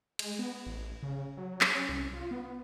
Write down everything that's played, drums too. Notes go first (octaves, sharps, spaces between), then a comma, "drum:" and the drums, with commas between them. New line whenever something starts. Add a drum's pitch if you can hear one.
G#3, drum: cymbal
B3
A1
C#3
F#3
C#4, drum: clap
C2
F4
B3